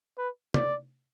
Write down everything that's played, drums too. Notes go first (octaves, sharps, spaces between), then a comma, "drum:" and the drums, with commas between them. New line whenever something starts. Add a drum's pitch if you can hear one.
B4
D5, drum: tom